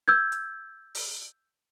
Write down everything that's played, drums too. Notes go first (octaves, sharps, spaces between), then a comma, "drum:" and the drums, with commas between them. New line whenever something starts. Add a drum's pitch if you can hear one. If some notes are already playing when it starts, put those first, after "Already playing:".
E6 G6 G#6
drum: hi-hat
drum: open hi-hat